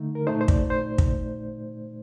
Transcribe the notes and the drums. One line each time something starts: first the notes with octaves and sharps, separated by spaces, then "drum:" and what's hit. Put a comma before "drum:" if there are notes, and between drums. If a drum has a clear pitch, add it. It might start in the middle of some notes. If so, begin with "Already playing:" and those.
Already playing: D3 A3 D#4
A#4
A#2 A3 D#4 C5
C5
D5, drum: kick
C5
drum: kick